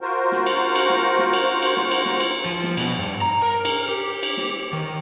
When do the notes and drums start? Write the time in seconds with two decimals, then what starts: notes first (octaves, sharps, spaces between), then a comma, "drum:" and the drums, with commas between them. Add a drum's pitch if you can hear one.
0.01 F4 F#4 A#4 C5
0.32 drum: snare
0.46 drum: cymbal
0.75 drum: cymbal
0.90 drum: snare
1.19 drum: snare
1.33 drum: cymbal
1.62 drum: cymbal
1.77 drum: snare
1.91 drum: cymbal
2.06 drum: snare
2.20 drum: cymbal
2.45 F3
2.63 drum: snare
2.77 B2, drum: cymbal
2.99 G2
3.21 A#5
3.42 A#4
3.65 drum: cymbal
3.88 G4
4.23 drum: cymbal
4.37 drum: snare
4.73 D#3